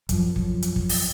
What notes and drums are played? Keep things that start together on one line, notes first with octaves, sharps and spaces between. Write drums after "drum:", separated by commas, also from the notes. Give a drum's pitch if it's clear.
F#2 F3, drum: kick, hi-hat
drum: kick
drum: hi-hat
drum: kick
drum: open hi-hat